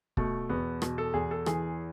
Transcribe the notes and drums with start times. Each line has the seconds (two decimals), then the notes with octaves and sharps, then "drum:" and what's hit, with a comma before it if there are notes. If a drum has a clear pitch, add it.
0.17 B2 A3, drum: kick
0.49 E2 B3
0.82 B2, drum: rim click
0.98 A4
1.14 E2 G#4
1.31 A4
1.46 E3 G#4, drum: rim click